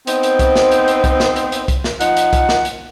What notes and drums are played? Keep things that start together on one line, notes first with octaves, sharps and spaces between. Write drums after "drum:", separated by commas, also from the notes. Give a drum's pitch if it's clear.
B3 C4 D#4 C5, drum: hi-hat
drum: hi-hat
drum: kick C2, hi-hat
drum: snare
drum: hi-hat
drum: hi-hat
drum: kick C2, hi-hat
drum: snare
drum: hi-hat
drum: hi-hat
drum: kick C2, hi-hat
drum: snare
F3 D#4 F#5, drum: hi-hat
drum: hi-hat
drum: kick C2, hi-hat
drum: snare
drum: hi-hat